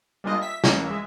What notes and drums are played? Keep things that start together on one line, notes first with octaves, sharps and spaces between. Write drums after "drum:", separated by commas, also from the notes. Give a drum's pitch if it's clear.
G3 G#3 A#3 D4 F4 D#5
E5 B6
E3 A#3 C#4, drum: snare
G#3 E5